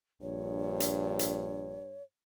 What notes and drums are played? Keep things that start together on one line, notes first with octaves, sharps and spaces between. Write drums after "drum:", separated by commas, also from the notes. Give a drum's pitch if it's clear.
A#1 G2 C#5
drum: hi-hat
drum: hi-hat